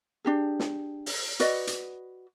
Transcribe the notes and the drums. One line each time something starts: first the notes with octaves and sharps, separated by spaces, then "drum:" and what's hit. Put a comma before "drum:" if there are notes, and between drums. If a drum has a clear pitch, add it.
D4 G4 G#4
drum: snare
drum: open hi-hat
F#4 B4 D5 D#5, drum: hi-hat
drum: hi-hat